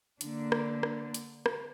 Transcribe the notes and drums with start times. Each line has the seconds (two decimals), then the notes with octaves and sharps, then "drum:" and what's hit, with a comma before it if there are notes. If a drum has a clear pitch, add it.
0.21 D3 A#3 D4, drum: hi-hat
0.52 drum: rim click
0.83 drum: rim click
1.14 drum: hi-hat
1.46 drum: rim click